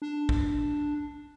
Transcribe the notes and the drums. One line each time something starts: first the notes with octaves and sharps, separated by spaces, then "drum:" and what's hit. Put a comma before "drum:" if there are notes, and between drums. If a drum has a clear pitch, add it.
D4
drum: kick